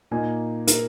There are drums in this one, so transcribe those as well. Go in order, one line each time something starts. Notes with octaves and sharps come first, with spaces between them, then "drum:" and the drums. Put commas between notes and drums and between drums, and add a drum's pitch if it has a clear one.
A#2 A#3 D#4 G#5
A#4, drum: hi-hat